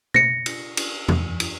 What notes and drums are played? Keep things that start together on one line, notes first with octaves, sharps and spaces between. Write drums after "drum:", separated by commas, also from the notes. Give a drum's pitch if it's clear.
A#6 C#7, drum: tom B2
drum: cymbal
drum: cymbal
drum: tom E2
drum: cymbal